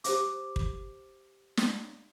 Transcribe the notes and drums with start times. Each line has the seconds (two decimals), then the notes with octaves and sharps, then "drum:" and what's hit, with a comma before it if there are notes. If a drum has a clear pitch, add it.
0.04 G4 C5 D6, drum: hi-hat
0.56 drum: kick
1.57 drum: snare